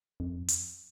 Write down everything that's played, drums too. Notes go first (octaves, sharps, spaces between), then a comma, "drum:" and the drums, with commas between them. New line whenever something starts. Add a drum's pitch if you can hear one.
F2
drum: hi-hat